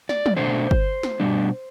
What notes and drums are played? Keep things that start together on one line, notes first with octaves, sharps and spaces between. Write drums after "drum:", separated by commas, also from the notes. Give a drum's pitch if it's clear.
D5, drum: snare
drum: tom
B2 A3 D4 C5
drum: kick G1
drum: snare
B2 G3 D4